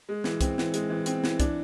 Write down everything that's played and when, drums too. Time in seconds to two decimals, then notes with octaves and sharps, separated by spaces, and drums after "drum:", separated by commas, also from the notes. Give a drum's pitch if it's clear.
0.09 G#3
0.24 E3, drum: snare
0.41 C4, drum: kick, hi-hat
0.58 E3, drum: snare
0.74 G#3, drum: hi-hat
0.90 E3
1.06 C4, drum: hi-hat
1.24 E3, drum: snare
1.40 D4, drum: kick, hi-hat